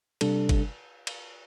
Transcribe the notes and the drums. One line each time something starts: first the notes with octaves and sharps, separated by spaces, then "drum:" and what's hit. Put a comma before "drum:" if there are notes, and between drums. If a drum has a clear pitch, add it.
C3 G3 D4 A4, drum: cymbal
drum: kick, cymbal
drum: cymbal